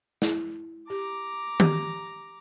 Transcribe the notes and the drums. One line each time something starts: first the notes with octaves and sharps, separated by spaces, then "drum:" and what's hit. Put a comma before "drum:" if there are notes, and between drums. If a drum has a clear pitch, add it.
E4, drum: snare
G4 A#5 D6
G4, drum: tom D#3